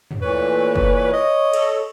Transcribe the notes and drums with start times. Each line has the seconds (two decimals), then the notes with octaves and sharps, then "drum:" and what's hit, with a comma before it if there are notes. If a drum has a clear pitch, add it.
0.11 drum: tom
0.22 A#2 E3 A3 B4 C#5
0.58 C#5
0.75 drum: kick
1.13 D#5
1.53 A4, drum: cymbal